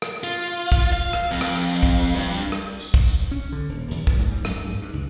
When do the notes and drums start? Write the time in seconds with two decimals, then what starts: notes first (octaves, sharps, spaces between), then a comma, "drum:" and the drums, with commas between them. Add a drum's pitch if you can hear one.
0.02 drum: rim click
0.24 F4
0.72 drum: kick
0.93 F5
1.13 drum: rim click
1.31 F2
1.41 drum: rim click
1.69 drum: tambourine
1.83 drum: kick
1.97 drum: tambourine
2.16 G2
2.52 drum: rim click
2.80 drum: tambourine
2.94 drum: kick
3.08 drum: tambourine
3.31 C#4
3.52 D3
3.69 D#1
3.91 D#2, drum: tambourine
4.07 F3, drum: kick
4.19 G#2
4.31 G3
4.45 F#2, drum: rim click
4.67 G#2
4.82 G2
4.93 C#2